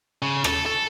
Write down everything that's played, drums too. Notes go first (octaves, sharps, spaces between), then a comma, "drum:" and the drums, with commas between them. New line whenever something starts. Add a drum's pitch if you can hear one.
C#3
A4, drum: rim click
A4